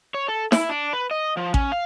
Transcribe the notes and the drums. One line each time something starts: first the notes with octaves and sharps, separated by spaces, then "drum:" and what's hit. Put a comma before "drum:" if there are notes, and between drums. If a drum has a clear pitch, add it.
C#5
A4
E4, drum: snare
D4
B4
D#5
F3
C#4, drum: kick A1
F5